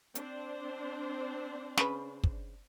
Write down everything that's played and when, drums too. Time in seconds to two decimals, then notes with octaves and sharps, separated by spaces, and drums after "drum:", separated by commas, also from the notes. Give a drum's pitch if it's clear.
0.15 C4 D4 C5, drum: hi-hat
1.77 C#3 B4, drum: snare
2.24 drum: kick